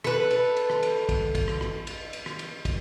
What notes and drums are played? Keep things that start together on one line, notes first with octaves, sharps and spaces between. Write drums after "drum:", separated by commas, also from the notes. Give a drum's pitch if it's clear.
A4 B4, drum: rim click
drum: cymbal
drum: cymbal
drum: rim click
drum: cymbal
drum: kick, cymbal
drum: kick, cymbal
drum: rim click
drum: rim click
drum: cymbal
drum: cymbal
drum: rim click
drum: cymbal
drum: kick, cymbal